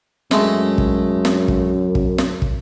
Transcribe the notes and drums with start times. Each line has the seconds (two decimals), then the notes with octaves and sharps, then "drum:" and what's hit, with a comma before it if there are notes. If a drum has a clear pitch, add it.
0.31 F#2 G#3 A3, drum: snare
0.78 drum: kick
1.25 drum: snare
1.48 drum: kick
1.95 drum: kick
2.18 drum: snare
2.42 drum: kick